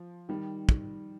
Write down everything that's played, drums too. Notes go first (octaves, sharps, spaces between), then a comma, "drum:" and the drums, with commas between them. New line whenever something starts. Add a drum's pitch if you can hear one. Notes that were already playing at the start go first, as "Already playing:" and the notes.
Already playing: F3
D#3 G3
drum: kick